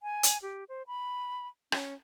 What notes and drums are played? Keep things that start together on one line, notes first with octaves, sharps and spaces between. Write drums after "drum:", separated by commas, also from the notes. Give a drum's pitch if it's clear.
G#5
drum: hi-hat
G4
C5
B5
C#4, drum: rim click